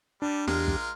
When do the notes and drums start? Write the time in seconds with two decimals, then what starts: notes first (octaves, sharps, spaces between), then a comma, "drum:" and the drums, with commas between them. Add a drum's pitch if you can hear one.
0.22 G3 D4
0.47 E2 G#3 F4 G4 A#4, drum: snare
0.68 drum: kick